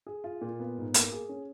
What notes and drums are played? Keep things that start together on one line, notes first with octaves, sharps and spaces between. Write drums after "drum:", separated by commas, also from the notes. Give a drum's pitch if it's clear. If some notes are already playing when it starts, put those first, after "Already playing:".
G#4
F4
A#2
B3
G#2
A#3, drum: hi-hat
G#4
C#4